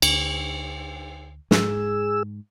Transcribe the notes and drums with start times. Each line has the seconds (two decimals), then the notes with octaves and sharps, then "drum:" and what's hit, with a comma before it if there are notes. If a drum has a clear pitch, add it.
0.02 D2, drum: cymbal
1.51 G#2 G#4 E6, drum: snare